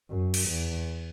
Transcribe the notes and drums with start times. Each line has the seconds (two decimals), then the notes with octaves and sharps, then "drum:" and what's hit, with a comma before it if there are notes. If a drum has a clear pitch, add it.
0.10 F#2
0.34 drum: cymbal
0.49 E2